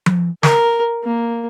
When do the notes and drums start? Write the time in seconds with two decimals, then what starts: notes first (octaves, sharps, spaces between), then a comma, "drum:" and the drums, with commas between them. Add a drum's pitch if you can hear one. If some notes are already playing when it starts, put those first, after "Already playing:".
0.06 drum: tom F3
0.43 A#4, drum: snare
1.04 A#3